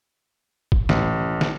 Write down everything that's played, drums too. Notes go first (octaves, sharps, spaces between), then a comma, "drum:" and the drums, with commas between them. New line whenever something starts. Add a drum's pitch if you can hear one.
drum: kick
A1, drum: snare
drum: snare